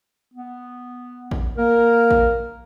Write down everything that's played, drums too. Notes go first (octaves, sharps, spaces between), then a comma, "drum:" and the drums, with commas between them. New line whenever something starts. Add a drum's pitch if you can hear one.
B3
drum: kick A1
A#3 A#4
drum: kick A1